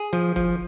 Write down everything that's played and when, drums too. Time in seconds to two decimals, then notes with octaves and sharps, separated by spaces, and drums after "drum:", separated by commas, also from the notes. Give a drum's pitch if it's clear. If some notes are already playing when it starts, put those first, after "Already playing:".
Already playing: G#4
0.13 F3, drum: hi-hat
0.36 F3, drum: kick, hi-hat